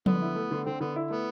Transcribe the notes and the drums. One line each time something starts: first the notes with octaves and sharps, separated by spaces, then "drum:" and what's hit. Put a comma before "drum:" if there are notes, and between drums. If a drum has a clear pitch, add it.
D3 B3, drum: tom F3
E4
A3
D3
D3 C4
D3 B3
E4
A3 B3